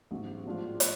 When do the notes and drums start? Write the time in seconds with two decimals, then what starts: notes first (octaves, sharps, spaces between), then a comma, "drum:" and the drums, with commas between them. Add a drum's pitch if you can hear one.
0.11 A1 G#2 F#3
0.45 A2 F3 G#3 D4 F4
0.80 A2, drum: hi-hat